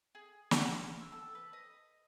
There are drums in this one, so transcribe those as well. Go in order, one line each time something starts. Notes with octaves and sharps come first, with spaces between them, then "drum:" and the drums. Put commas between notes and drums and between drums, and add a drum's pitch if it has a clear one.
G#4
F#5, drum: snare
F6
E6
A4
B4
D#5